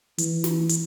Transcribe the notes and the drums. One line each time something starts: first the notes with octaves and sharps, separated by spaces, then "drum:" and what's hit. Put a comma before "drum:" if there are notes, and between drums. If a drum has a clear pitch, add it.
E3, drum: hi-hat
drum: snare
drum: hi-hat